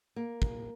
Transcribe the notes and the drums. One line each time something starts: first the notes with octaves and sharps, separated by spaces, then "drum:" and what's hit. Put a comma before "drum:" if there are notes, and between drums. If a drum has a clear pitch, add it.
A#3
drum: kick